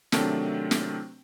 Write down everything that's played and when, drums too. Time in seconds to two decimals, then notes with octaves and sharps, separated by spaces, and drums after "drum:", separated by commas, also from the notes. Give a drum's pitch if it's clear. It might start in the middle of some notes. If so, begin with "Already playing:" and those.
0.12 C3 D#3 F#3 A3 C4 D4, drum: snare
0.71 drum: snare